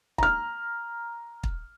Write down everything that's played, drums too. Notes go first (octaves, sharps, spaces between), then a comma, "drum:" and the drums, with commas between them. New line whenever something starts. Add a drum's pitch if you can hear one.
A#5 F6, drum: kick
drum: kick